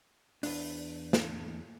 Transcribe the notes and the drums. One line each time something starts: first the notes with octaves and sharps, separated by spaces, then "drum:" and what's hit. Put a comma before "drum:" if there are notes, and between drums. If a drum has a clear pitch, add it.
E2 D4, drum: open hi-hat
drum: snare